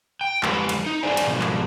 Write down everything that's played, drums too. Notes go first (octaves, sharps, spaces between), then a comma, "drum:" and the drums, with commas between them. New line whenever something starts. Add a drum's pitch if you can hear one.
G5
F2 G#3 G4 A4 B4, drum: clap
drum: cymbal
D#4
G#4 A4 C5 D5 G#5
drum: cymbal
G#2 B2 F3
drum: clap